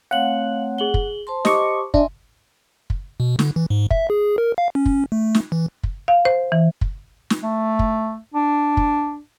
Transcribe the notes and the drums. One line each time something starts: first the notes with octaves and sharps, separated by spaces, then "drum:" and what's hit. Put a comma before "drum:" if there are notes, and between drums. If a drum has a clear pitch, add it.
A3 C4 C#5 F5 F#5 F#7
G#4 F#7 G7
drum: kick
C5 A5 C6
G4 D#5 C#6 D6, drum: snare
D4 D#5 E5 G#5 C6, drum: kick
drum: kick
B2
D3, drum: snare
E3
G#2
E5, drum: kick
G#4
A#4
F5
C#4
drum: kick
A3
drum: snare
E3
drum: kick
F5
C5
E3
drum: kick
drum: snare
A3
drum: kick
D4
drum: kick